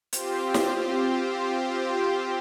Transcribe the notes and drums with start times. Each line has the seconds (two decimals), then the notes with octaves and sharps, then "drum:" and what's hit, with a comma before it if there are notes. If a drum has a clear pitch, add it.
0.13 C4 F4 G4 C5, drum: hi-hat
0.54 drum: snare